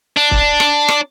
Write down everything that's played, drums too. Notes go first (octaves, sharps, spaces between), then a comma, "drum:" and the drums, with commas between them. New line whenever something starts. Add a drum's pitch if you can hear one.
D4
drum: kick
drum: rim click
drum: rim click